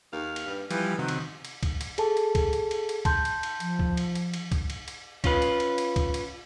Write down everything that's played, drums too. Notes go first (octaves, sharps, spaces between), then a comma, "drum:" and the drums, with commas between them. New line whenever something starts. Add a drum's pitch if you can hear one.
D#2 F5
drum: cymbal
G2
E3 F3 G3, drum: cymbal
C3 D#3 F#3
drum: cymbal
drum: cymbal
drum: kick, cymbal
drum: cymbal
G#4 A4 A5, drum: cymbal
drum: cymbal
drum: kick, cymbal
drum: cymbal
drum: cymbal
drum: cymbal
A5 C6 G6, drum: kick, cymbal
drum: cymbal
drum: cymbal
F3, drum: cymbal
drum: kick
drum: cymbal
drum: cymbal
drum: cymbal
drum: kick, cymbal
drum: cymbal
drum: cymbal
C#4 F4 B4, drum: kick, cymbal
drum: cymbal
drum: cymbal
drum: cymbal
drum: kick, cymbal
drum: cymbal